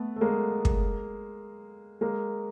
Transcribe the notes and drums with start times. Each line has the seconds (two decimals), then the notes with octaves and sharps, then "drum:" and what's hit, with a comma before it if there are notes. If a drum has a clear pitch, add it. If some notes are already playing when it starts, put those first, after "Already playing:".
Already playing: A3 B3
0.16 A3
0.21 G#3 A#3
0.65 drum: kick
2.01 G#3 A#3